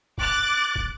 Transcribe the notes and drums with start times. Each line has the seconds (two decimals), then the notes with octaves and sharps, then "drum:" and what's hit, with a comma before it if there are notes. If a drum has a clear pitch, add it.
0.18 D6 F#6 A6, drum: kick
0.76 drum: kick